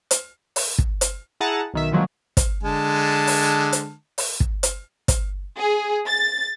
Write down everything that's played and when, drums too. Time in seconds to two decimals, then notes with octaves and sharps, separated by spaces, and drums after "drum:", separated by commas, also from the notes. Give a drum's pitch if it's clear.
0.11 drum: hi-hat
0.56 drum: open hi-hat
0.79 drum: kick
1.01 drum: hi-hat
1.41 E4 G#4 F#5 A5 A#5
1.74 B1 D#3 E5
1.92 D3 D#3 F3 F#3 G#3 A#3
2.37 drum: kick, hi-hat
2.63 D3 G#3 A5
3.27 drum: open hi-hat
3.73 drum: hi-hat
4.18 drum: open hi-hat
4.40 drum: kick
4.63 drum: hi-hat
5.08 drum: kick, hi-hat
5.58 G#4
6.07 A6